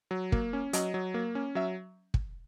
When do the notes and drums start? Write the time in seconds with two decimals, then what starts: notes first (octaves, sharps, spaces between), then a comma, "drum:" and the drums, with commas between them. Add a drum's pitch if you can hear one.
0.11 F#3
0.32 A#3, drum: kick
0.53 C#4
0.73 F#3 D#5, drum: hi-hat
0.94 F#3
1.14 A#3
1.35 C#4
1.55 F#3 E5
2.14 drum: kick